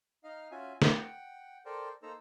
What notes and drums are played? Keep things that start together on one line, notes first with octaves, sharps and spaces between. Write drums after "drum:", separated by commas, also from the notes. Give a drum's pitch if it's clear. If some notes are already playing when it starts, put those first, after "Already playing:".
D#4 D#5 F5 F6
C#4 F4 F#4 E5 G#5
F#5 G5, drum: snare
A4 A#4 C5 D5 G5
A#3 D#4 A4 C5 A#5 E6